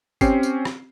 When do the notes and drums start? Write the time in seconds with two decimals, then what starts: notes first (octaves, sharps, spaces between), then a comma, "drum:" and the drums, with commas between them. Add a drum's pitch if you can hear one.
0.21 C4 C#4 G4 C7, drum: kick G1, tambourine
0.43 drum: tambourine
0.65 drum: rim click